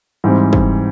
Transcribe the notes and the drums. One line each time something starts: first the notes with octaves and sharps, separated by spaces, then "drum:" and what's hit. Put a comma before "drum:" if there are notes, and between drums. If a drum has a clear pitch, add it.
G#2 E3 G3 C4
drum: kick